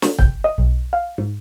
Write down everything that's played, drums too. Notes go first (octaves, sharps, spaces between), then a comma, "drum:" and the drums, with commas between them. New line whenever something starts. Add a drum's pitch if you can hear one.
drum: snare
G5, drum: kick
D#5
B1
F5
G#2